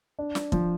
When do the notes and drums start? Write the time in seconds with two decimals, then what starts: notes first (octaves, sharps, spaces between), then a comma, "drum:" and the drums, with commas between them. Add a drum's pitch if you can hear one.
0.19 D4
0.35 drum: snare
0.52 F3, drum: kick